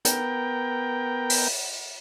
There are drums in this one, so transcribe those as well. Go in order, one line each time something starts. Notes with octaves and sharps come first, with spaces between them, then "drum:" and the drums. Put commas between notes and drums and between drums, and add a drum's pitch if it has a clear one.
B3 A#4 G5, drum: hi-hat
drum: open hi-hat